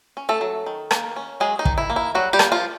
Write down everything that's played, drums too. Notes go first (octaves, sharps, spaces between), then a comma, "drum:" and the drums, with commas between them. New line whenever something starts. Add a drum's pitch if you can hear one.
C#4
A3 A4
F#3
D#3
A#3, drum: rim click
C#4
F#3 G#3 G#4
D#4
D#3, drum: kick
E4
A#3
E4
F#3 G3 F#4
G3 G4
A#3, drum: rim click
F3 F4